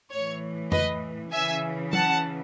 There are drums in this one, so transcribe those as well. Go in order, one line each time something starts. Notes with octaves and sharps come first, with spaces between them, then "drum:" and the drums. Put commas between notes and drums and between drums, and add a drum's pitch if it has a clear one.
A2 E3 C#5
B4 D#5, drum: tom F2
C#3 E3 E5 G#5
F#5 A5, drum: tom